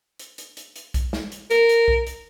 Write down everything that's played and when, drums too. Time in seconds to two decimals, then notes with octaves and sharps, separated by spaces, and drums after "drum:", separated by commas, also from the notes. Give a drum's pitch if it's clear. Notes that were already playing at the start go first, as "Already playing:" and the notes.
0.19 drum: hi-hat
0.38 drum: hi-hat
0.57 drum: hi-hat
0.76 drum: hi-hat
0.94 drum: kick B1, hi-hat
1.13 drum: snare
1.32 drum: hi-hat
1.50 A#4, drum: hi-hat
1.69 drum: hi-hat
1.88 drum: kick B1
2.07 drum: hi-hat